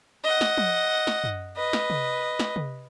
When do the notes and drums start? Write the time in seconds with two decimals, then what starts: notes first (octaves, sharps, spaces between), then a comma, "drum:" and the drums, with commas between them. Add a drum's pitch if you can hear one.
0.24 D#5 F#5
0.41 drum: snare
0.58 drum: tom F3
1.07 drum: snare
1.24 drum: tom F#2
1.57 B4 D#5
1.73 drum: snare
1.90 drum: tom C3
2.39 drum: snare
2.56 drum: tom C3